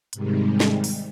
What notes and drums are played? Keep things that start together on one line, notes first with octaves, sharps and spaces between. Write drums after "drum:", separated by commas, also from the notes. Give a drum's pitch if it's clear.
G#2 C3 D#3 G3 G#3, drum: hi-hat
drum: snare
drum: open hi-hat